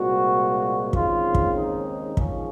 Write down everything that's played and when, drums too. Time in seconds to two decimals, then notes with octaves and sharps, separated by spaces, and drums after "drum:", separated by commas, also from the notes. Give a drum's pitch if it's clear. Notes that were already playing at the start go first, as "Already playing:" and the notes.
Already playing: C2 A#2 G#3 F#4
0.93 D#2 C#3 G#3 C4 F4, drum: kick
1.35 drum: kick
1.55 D#4
2.17 D#2 C#3 F3 G#3 C#4, drum: kick